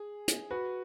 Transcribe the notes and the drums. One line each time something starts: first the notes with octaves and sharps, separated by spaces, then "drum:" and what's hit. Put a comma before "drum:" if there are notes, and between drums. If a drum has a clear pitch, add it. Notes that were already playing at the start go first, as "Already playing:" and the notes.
Already playing: G#4
drum: hi-hat
F#4 B4